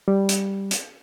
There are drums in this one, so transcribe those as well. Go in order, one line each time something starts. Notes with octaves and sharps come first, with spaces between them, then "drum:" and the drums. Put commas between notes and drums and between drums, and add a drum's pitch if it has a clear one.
G3
drum: hi-hat
drum: hi-hat